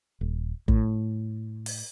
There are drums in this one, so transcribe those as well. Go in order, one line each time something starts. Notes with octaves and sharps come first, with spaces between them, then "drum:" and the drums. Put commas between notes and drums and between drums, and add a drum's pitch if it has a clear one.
D#1
A2, drum: kick
drum: open hi-hat